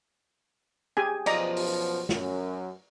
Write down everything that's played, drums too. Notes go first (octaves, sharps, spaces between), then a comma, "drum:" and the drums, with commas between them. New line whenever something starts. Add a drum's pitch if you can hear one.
G4 G#4 G#5
F#2 B2 F3 D5 D#5 A#5, drum: cymbal
drum: open hi-hat
F#2, drum: snare